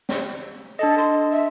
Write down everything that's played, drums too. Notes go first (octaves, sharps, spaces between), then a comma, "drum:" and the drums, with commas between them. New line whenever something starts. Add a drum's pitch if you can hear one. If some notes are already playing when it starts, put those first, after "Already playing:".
drum: snare
D4 A4 D#5
C6
E5